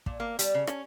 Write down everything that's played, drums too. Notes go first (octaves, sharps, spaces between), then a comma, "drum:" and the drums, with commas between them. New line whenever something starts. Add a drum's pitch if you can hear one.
A#2, drum: kick
A#3
G3, drum: hi-hat
C#3
C#4, drum: rim click